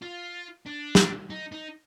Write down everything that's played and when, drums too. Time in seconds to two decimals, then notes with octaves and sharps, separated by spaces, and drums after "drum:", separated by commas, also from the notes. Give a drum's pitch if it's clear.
0.02 F4
0.66 D4
0.95 drum: snare
1.30 D#4
1.52 D#4